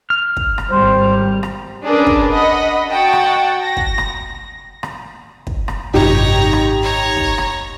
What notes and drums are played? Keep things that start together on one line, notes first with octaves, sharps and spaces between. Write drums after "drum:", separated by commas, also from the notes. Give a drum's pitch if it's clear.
F6
drum: kick
drum: rim click
G#1 G3 C5
drum: rim click
C#4 D4 G#4 A#4 B4
drum: kick
D#5 F#5 B5
F#4 F#5 G5 A5 A6
drum: rim click
A#6
drum: kick
drum: rim click
drum: rim click
drum: kick
drum: rim click
G#1 F#2 C3 D#4 G4 C#5 A#5
drum: rim click
C#5 A#5
drum: kick
drum: rim click